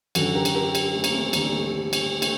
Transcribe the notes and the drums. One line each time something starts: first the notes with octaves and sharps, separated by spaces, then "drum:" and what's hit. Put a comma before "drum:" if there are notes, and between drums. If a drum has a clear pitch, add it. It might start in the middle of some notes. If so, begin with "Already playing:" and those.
F#2 D3 F#4 A4, drum: cymbal
G4 A#4
drum: cymbal
G4 A#4
drum: cymbal
A3
A#3, drum: cymbal
A3 C4
D2 D3 G3 A#3, drum: cymbal
G3
A3
G3
A3, drum: cymbal
A3, drum: cymbal